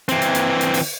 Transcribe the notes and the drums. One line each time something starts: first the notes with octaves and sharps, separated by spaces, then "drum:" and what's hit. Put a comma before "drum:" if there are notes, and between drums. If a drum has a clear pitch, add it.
E3 C4, drum: hi-hat
drum: hi-hat
drum: hi-hat
drum: hi-hat
drum: open hi-hat